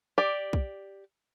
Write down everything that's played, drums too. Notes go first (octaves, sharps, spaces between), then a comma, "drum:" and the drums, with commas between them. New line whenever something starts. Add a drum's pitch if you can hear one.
G4 D5
drum: kick